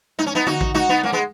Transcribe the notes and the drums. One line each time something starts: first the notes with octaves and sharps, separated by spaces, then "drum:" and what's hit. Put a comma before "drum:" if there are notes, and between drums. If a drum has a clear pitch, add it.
D#4, drum: tom G#3
C#4
B3 D#4
D#4 F#4, drum: tom D3
drum: kick A1
D#4 F#4, drum: tom G#3
B3 D#4
A#3 C#4, drum: tom G#3
G#3 B3